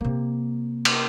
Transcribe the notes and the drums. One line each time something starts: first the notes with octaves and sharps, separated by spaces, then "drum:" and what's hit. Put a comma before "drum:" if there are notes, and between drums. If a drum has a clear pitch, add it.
C3 A#3
drum: cymbal